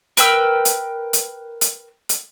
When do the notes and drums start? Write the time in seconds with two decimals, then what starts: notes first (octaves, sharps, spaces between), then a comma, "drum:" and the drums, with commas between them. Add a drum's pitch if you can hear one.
0.17 A#4 B4 G5 E6, drum: hi-hat
0.65 drum: hi-hat
1.13 drum: hi-hat
1.61 drum: hi-hat
2.09 drum: hi-hat